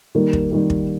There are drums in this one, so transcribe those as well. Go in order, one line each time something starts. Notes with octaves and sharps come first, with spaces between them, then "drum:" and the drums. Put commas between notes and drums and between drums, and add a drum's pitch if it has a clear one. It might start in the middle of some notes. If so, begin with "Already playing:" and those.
D#3 G3 A#3
drum: kick
D#3 G3 A#3
drum: kick